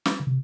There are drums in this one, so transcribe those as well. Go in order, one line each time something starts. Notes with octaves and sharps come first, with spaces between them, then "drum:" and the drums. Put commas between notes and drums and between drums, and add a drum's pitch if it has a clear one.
drum: snare
D3
C3